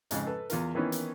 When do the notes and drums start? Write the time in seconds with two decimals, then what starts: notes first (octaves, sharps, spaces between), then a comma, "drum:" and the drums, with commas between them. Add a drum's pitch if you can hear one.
0.11 F2 G#2 C#3, drum: hi-hat
0.27 A4 B4
0.50 E2 F4 A#4, drum: hi-hat
0.75 D#3 E3 A#3 B3 C#4
0.92 drum: hi-hat